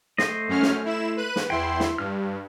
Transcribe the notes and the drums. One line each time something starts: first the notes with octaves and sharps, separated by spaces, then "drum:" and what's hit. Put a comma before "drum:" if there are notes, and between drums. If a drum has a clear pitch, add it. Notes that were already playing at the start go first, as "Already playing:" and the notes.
A3 C5 D#5, drum: snare
F#2 C#4 F6
drum: snare
E4 E7
B4 F#6 D#7
drum: snare
E2 E4 G5 C6
drum: snare
G2 F6